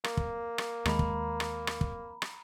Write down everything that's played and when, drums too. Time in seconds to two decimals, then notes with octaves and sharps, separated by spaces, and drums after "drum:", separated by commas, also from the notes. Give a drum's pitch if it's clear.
0.04 A#3, drum: rim click
0.17 drum: kick
0.58 drum: rim click
0.85 D#2 D#3 G#3 A#5 B5, drum: rim click
0.99 drum: kick
1.40 drum: rim click
1.67 drum: rim click
1.81 drum: kick
2.22 drum: rim click